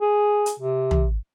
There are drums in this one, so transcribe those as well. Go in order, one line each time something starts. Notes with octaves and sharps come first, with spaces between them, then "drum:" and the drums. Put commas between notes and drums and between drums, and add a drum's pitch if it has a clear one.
G#4
drum: hi-hat
C3
drum: tom